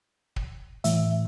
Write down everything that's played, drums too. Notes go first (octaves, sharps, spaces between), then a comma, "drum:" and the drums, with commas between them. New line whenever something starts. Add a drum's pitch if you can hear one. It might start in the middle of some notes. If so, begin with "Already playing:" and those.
drum: kick
A2 E3 E5, drum: hi-hat